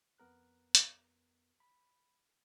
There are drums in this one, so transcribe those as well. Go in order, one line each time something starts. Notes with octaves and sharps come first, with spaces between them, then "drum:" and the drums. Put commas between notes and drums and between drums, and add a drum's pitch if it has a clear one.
F2 B3 A#4 F#6
drum: hi-hat
B5